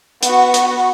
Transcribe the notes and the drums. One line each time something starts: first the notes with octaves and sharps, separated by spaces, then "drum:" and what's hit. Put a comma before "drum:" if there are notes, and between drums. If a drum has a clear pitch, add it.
B3 F#4, drum: hi-hat
drum: hi-hat